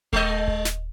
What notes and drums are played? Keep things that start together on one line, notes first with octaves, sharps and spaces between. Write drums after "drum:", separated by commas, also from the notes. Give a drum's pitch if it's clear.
G#3 D#5, drum: kick D#1
drum: kick D#1
drum: snare